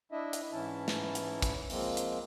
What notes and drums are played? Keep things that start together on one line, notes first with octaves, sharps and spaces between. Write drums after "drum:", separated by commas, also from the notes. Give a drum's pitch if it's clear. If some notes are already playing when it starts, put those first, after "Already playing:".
D4 E4 D#5 E5
drum: hi-hat
G#2 E3 C#4 E4 A5
drum: snare
drum: hi-hat
drum: kick, hi-hat
F3 G#3 A#3 C4, drum: open hi-hat
drum: hi-hat